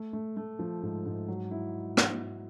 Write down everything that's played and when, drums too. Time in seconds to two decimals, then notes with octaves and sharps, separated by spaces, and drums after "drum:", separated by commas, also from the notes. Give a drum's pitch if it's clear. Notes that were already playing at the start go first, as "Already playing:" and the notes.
Already playing: A3
0.13 A3
0.37 A3
0.59 F3
0.83 G#2
1.06 G#2
1.28 F#3
1.51 E4
1.97 drum: rim click